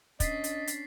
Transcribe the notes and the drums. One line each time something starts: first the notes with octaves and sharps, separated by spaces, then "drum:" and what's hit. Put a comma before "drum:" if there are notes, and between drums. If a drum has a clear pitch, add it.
C#4 D4 D#5 A6 B6 C7, drum: kick, hi-hat
drum: hi-hat
drum: hi-hat